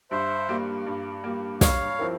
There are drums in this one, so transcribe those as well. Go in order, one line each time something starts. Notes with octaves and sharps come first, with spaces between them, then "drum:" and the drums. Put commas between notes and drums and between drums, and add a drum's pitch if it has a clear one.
G2 C5 E5
G3 A#3
G2
G3 A#3
G2 C#5 F5, drum: snare
F3 C4 E4 A#4